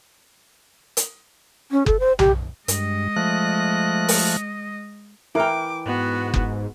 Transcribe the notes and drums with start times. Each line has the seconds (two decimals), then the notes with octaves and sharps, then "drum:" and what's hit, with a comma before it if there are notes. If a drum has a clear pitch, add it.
0.97 drum: hi-hat
1.72 C#4
1.86 A4, drum: kick F#1
2.00 C5
2.19 G4, drum: tom B1
2.68 G2 G#3 D#5, drum: hi-hat
3.16 F3 A3 F#6
4.08 drum: open hi-hat
5.35 E3 E4 A#4 G5 D6
5.86 G#2 B3 F#4
6.34 drum: kick F#1